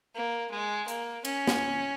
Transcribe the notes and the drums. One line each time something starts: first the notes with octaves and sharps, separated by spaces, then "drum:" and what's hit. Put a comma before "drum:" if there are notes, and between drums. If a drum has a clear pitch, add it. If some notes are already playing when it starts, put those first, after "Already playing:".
A#3
G#3
A#3, drum: hi-hat
C#4, drum: cymbal
drum: snare